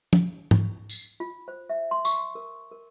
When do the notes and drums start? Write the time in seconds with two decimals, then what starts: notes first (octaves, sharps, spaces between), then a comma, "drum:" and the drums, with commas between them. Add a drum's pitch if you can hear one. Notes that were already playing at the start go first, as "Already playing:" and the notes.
0.13 drum: tom F3
0.51 drum: tom G#2
0.90 drum: tambourine
1.20 F4
1.48 C5
1.70 E5
1.91 C6
2.05 C#6, drum: tambourine
2.35 A#4
2.71 A#4